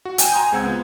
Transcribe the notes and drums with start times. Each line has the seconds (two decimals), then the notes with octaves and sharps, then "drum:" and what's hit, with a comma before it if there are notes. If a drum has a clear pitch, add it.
0.05 F#4
0.18 G5 G#5 E7, drum: hi-hat
0.32 G#5 A#5 C6 D#6 G6
0.52 C#2 G#3 C4 F#5 E6 G#6
0.66 B3 F4